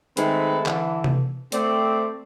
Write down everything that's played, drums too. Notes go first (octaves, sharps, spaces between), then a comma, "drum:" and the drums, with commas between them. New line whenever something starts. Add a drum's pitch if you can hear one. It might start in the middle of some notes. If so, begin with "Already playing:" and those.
D#3 G#3 A3 C4 B4, drum: hi-hat
D3 E3, drum: clap
drum: tom C3
A3 C4 D5, drum: hi-hat